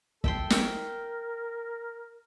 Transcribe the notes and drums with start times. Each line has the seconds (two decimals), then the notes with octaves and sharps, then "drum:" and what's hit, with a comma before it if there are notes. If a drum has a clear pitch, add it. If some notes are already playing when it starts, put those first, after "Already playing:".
0.24 A4 E5 G5 C6, drum: kick
0.50 A#4 G5, drum: snare